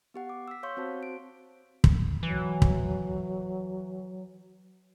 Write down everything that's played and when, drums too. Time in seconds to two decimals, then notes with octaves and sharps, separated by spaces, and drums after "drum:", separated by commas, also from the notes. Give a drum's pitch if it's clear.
0.14 B3 G4 F#5
0.29 D6
0.48 E6 B6
0.63 C#5 F5 C6 C#6 G6
0.77 C4 F#4 C5 A5
1.03 D7
1.84 drum: kick
2.23 E3 F#3
2.62 drum: kick